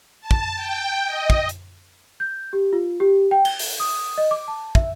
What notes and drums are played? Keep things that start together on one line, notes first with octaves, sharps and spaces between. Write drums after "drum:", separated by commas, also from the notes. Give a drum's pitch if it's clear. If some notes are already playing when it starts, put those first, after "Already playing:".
A5
drum: kick
G5
D#5
drum: kick
drum: hi-hat
G6
G4
F4
G4
G5
G7, drum: cymbal
drum: open hi-hat
D#6
D#5
D6
A5
E5, drum: kick